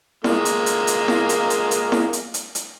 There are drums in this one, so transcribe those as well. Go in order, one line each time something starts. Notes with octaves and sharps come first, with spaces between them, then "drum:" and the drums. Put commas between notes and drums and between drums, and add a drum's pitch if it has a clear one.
G#3 A#3 F4, drum: snare E4
drum: hi-hat
drum: hi-hat
drum: hi-hat
drum: snare E4
drum: hi-hat
drum: hi-hat
drum: hi-hat
drum: snare E4
drum: hi-hat
drum: hi-hat
drum: hi-hat